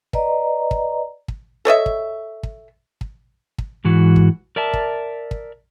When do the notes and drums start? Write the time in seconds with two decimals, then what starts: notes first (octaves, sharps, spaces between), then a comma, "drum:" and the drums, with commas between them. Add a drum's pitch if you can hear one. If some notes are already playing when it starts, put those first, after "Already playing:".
0.13 B4 D5 D#5 A#5, drum: kick
0.71 drum: kick
1.28 drum: kick
1.65 A4 C#5 D#5 E5
1.86 drum: kick
2.43 drum: kick
3.01 drum: kick
3.58 drum: kick
3.85 G#2 E3 F#4
4.16 drum: kick
4.56 A#4 D5 E5 A5
4.73 drum: kick
5.31 drum: kick